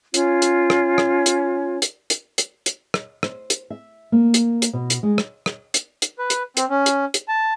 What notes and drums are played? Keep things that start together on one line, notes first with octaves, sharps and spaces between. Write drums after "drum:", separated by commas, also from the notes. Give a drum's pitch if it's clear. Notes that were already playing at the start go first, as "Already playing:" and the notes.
C#4 F4 C#5, drum: hi-hat
drum: hi-hat
drum: rim click
drum: rim click
drum: hi-hat
drum: hi-hat
drum: hi-hat
drum: hi-hat
drum: hi-hat
drum: rim click
C5, drum: rim click
drum: hi-hat
E5
A#3
drum: hi-hat
drum: hi-hat
B2
drum: hi-hat
G#3
drum: rim click
drum: rim click
drum: hi-hat
drum: hi-hat
B4
drum: hi-hat
C4, drum: hi-hat
C#4
drum: hi-hat
drum: hi-hat
A5